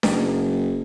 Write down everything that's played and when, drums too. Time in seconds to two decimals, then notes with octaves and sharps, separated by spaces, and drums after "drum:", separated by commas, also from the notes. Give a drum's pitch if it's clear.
0.03 F#1, drum: snare D4